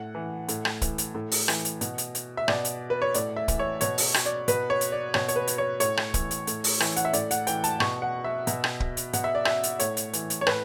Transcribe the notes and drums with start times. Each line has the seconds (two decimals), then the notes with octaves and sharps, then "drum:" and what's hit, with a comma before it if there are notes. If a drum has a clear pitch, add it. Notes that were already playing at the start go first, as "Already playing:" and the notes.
Already playing: A2 F#5
0.15 E3
0.48 A2, drum: hi-hat
0.65 drum: rim click
0.82 E3, drum: kick, hi-hat
0.98 drum: hi-hat
1.15 A2
1.31 drum: open hi-hat
1.48 E3, drum: rim click
1.65 drum: hi-hat
1.81 B2, drum: hi-hat
1.98 drum: hi-hat
2.15 drum: hi-hat
2.37 E5
2.48 B2 D5, drum: rim click
2.65 drum: hi-hat
2.90 B4
3.02 C#5
3.14 A2 D5, drum: hi-hat
3.36 E5
3.48 E3, drum: kick, hi-hat
3.59 C#5
3.81 B2 C#5, drum: hi-hat
3.98 drum: open hi-hat
4.14 drum: rim click
4.26 D5
4.48 B2 B4, drum: hi-hat
4.70 C#5
4.81 drum: hi-hat
4.92 D5
5.14 B2 C#5, drum: rim click
5.28 C#5, drum: hi-hat
5.36 B4
5.47 drum: hi-hat
5.58 C#5
5.80 A2 C#5, drum: hi-hat
5.97 drum: rim click
6.14 E3, drum: kick, hi-hat
6.31 drum: hi-hat
6.47 A2, drum: hi-hat
6.64 drum: open hi-hat
6.80 E3, drum: rim click
6.96 F#5, drum: hi-hat
7.05 E5
7.13 A2 D5, drum: hi-hat
7.31 F#5, drum: hi-hat
7.47 E3 G5, drum: hi-hat
7.64 A5, drum: hi-hat
7.80 B2 C#6, drum: rim click
8.02 F#5
8.24 E5
8.47 B2, drum: hi-hat
8.64 drum: rim click
8.80 drum: kick
8.97 drum: hi-hat
9.13 B2 F#5, drum: hi-hat
9.24 E5
9.35 D5
9.45 E5, drum: rim click
9.63 drum: hi-hat
9.80 A2 C#5, drum: hi-hat
9.97 drum: hi-hat
10.13 E3, drum: hi-hat
10.30 drum: hi-hat
10.41 C#5
10.47 A2 B4, drum: rim click